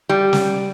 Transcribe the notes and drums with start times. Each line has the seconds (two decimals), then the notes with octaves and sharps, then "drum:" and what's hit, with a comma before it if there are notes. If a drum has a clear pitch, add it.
0.09 G3
0.33 drum: snare